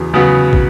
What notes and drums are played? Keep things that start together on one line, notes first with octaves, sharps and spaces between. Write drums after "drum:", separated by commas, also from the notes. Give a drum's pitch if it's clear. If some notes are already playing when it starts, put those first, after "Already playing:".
Already playing: E2 C#3 F#3 B3
C#3 F#3 B3 F#4
drum: kick